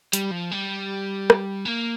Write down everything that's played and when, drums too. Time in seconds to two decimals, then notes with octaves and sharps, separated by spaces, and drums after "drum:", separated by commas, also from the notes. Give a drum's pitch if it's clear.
0.13 G3, drum: hi-hat
0.32 F3
0.51 G3
1.30 drum: rim click
1.65 A#3